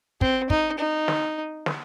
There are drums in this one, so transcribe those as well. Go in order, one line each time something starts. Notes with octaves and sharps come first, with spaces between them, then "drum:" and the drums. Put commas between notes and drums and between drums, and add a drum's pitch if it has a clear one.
C4, drum: kick
D#4, drum: kick
D#4
drum: snare
drum: snare